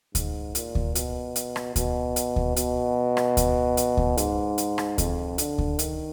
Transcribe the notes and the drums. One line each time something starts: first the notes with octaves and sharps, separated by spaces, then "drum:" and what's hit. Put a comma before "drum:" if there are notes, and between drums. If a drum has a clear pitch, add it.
G#2, drum: kick D2, hi-hat
A#2, drum: hi-hat
drum: kick D2
B2, drum: hi-hat
drum: hi-hat
drum: rim click
B2, drum: kick D2, hi-hat
drum: hi-hat
drum: kick D2
B2, drum: hi-hat
drum: rim click
drum: kick D2, hi-hat
drum: hi-hat
drum: kick D2
G#2, drum: hi-hat
drum: hi-hat
drum: rim click
F2, drum: kick D2, hi-hat
D3, drum: hi-hat
drum: kick D2
D#3, drum: hi-hat